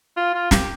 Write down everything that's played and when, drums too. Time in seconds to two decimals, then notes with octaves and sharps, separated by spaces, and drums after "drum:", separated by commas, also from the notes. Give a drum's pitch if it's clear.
0.16 F4
0.34 F4
0.51 G4, drum: snare